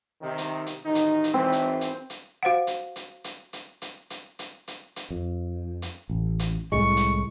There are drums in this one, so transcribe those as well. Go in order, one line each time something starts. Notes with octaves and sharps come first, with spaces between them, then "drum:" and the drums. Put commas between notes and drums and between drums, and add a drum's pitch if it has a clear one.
C3 D#3
drum: hi-hat
drum: hi-hat
A1 D#3 D#4
drum: hi-hat
drum: hi-hat
G#1 E3 C4
drum: hi-hat
drum: hi-hat
drum: hi-hat
F#4 C5 F5 F#5
drum: hi-hat
drum: hi-hat
drum: hi-hat
drum: hi-hat
drum: hi-hat
drum: hi-hat
drum: hi-hat
drum: hi-hat
drum: hi-hat
F2
drum: hi-hat
A1
drum: hi-hat
C2 A2 G#3 C#6
drum: hi-hat